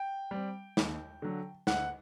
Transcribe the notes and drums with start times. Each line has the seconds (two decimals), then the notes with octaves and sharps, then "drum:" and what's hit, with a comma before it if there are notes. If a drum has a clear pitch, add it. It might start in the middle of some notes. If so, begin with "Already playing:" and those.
Already playing: G5
0.31 G3 C4
0.77 D#2, drum: snare
1.22 D3 F#3
1.67 D2 F#5, drum: snare